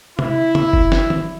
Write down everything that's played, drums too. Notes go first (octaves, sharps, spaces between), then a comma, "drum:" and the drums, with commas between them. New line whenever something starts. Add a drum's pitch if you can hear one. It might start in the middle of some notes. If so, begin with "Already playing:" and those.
E4, drum: tom
drum: tom
drum: kick F#1
drum: snare
drum: tom